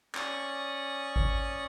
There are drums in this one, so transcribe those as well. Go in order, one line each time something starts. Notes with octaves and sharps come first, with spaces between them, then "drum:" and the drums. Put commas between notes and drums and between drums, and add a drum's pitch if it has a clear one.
C#4 D5 C#6 D#6, drum: clap
drum: kick G#1